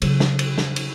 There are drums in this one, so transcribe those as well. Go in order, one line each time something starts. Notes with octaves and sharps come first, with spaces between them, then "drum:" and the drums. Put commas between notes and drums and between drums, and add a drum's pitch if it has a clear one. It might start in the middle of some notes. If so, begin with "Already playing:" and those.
C#3 F#3, drum: cymbal
drum: snare
drum: cymbal
drum: snare
drum: cymbal